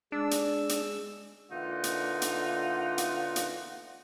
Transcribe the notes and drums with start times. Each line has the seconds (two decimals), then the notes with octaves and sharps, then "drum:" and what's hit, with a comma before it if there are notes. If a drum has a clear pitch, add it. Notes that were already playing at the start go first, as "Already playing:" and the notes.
0.12 G#3 D4 E6
0.31 drum: hi-hat
0.69 drum: hi-hat
1.51 A#2 D3 E3 D#4 F4 F#5
1.84 drum: hi-hat
2.22 drum: hi-hat
2.98 drum: hi-hat
3.36 drum: hi-hat